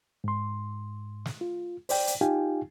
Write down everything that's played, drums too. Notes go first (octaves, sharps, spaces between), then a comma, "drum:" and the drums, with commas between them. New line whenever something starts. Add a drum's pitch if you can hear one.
G#2 C6
drum: snare
F4
C5 D5 G5, drum: open hi-hat
drum: hi-hat
D#4 F4 G4 F5 G5 G#5